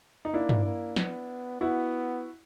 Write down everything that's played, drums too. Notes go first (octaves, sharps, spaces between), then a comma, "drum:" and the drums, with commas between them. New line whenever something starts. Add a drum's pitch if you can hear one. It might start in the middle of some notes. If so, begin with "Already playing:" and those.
D#4
A#3 D4 E4
drum: tom
A#3
B3, drum: snare
B3 E4 F#4